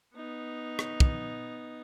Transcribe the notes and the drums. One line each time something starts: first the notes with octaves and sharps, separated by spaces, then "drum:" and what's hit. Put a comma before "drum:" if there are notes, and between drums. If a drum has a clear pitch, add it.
B3 D#4
drum: rim click
drum: kick